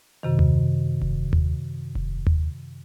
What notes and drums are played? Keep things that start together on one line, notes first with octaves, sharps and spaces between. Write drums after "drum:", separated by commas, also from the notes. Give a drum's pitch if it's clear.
F#2 C3 D#3
drum: tom D#2
drum: kick E1
drum: tom D#2
drum: kick E1
drum: tom D#2